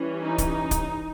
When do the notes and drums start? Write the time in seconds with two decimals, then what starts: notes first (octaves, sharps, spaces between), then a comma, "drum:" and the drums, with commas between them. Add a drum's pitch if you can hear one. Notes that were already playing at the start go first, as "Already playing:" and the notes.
Already playing: E3 G3 C#4
0.22 D#4
0.38 drum: kick C#1, hi-hat
0.71 drum: kick C#1, hi-hat